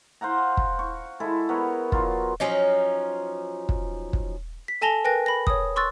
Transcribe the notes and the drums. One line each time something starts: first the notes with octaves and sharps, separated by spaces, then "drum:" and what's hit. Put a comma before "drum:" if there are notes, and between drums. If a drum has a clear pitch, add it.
C5 F5 F#5 A#5
drum: kick
C#6
G#3 E4 A4
B3 A#4 C#5
F#3 F4, drum: kick
F3 F#3 C#4 D#4
drum: kick
drum: kick
B6
A4 G#5 A5 A#6 F7 G7
A#4 B4 G5 G#5 F#6 A#6
B5 A#6
C#5 D#6, drum: kick
C6 C#6 E6 F#6 A6